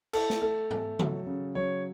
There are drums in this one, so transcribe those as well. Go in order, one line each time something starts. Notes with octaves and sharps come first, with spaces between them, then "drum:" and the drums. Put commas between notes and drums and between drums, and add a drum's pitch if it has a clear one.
E4 A4, drum: cymbal
drum: snare
A3 A4
A3, drum: tom
F#3, drum: tom C#3
C#3
F#3 C#5